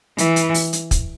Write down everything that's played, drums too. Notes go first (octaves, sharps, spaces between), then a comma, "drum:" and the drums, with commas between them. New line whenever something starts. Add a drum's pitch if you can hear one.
E3, drum: hi-hat
drum: hi-hat
drum: open hi-hat
drum: hi-hat
drum: kick, hi-hat